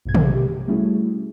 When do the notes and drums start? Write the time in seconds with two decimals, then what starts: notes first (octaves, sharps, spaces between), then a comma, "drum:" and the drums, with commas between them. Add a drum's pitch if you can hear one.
0.05 A#1 G2 B2 G#6
0.15 drum: tom
0.35 G4
0.68 G3 A3 C#4 E4 F#4 G#4